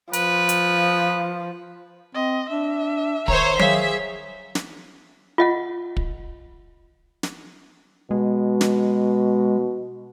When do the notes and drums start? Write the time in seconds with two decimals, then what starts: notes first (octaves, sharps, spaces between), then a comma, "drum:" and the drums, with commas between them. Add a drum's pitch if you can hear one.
0.13 F3 B4, drum: hi-hat
0.49 drum: hi-hat
2.15 C4 D#5
2.49 D4 E5
3.28 D#3 C5 C#5 A#5, drum: kick
3.59 D#3 G#4 C#5 E5 F5, drum: tom F#3
4.55 drum: snare
5.38 F4 D#5 F#5
5.97 drum: kick
7.23 drum: snare
8.11 B2 G#3
8.61 drum: snare